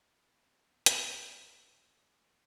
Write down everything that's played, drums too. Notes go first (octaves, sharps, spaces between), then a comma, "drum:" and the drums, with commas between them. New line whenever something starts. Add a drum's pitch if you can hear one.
B3
D4, drum: hi-hat
A#3